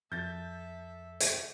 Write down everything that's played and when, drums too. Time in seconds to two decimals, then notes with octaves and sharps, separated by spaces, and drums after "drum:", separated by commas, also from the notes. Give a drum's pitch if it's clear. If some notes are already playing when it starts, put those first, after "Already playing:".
0.12 F2 A4 E5 G6 A6
1.20 drum: hi-hat